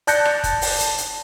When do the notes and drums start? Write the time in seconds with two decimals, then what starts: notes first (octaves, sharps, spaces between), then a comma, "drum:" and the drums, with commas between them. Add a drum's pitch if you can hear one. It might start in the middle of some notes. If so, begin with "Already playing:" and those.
0.07 D5 A5 F#6 G6 A#6 C#7, drum: hi-hat
0.25 drum: rim click
0.44 drum: kick, hi-hat
0.62 drum: open hi-hat
0.80 drum: hi-hat
0.98 drum: hi-hat